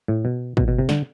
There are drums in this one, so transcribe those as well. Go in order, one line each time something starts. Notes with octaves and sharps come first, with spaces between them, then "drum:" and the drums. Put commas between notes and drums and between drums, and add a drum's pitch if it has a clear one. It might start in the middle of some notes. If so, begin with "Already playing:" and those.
A2
B2
B2, drum: kick
B2
C3
D3, drum: snare